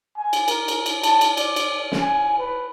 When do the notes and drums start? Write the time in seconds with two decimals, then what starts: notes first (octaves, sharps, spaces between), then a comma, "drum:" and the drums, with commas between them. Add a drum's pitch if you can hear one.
0.17 G#5
0.33 drum: cymbal
0.48 A#4, drum: cymbal
0.68 drum: cymbal
0.86 drum: cymbal
1.03 A5, drum: cymbal
1.21 drum: cymbal
1.37 D5, drum: cymbal
1.56 drum: cymbal
1.92 drum: snare
2.01 G#5
2.39 B4